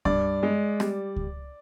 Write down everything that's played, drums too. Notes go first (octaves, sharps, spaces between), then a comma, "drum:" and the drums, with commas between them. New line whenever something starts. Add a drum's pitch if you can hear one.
G2 D5, drum: kick C#2
G#3
G3, drum: rim click
drum: kick C#2